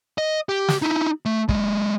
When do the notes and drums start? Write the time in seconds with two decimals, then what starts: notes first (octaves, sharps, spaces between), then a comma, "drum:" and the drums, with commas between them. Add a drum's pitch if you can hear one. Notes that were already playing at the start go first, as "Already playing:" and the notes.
0.18 D#5
0.49 G4
0.68 drum: snare
0.82 D#4 E4
1.26 A3
1.49 F#3 G#3, drum: kick